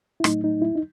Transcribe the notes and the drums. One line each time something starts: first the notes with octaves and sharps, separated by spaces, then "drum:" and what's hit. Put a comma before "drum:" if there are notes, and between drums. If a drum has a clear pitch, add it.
E4
A2 F#3 A3 D#4, drum: rim click
D#4
E4
D#4